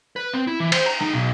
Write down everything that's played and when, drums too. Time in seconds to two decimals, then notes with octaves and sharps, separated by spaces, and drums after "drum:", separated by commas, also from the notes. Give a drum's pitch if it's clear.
0.16 B4
0.34 C4
0.47 E4
0.60 E3
0.72 C5, drum: cymbal
0.86 A#5
1.02 D#4
1.13 B1